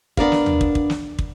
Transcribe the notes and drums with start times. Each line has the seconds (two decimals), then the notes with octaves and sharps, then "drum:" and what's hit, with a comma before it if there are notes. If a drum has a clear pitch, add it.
0.17 B3 D4 A#4 F5, drum: kick
0.32 drum: snare
0.46 drum: tom
0.61 drum: kick
0.75 drum: kick
0.90 drum: snare
1.19 drum: kick